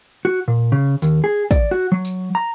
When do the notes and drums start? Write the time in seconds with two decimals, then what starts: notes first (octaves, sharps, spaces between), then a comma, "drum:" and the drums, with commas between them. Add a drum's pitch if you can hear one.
0.25 F#4
0.48 A#2
0.72 C#3
1.02 D#2, drum: tambourine
1.24 G#4
1.51 D5, drum: kick, tambourine
1.71 F#4
1.92 F#3
2.05 drum: tambourine
2.35 A#5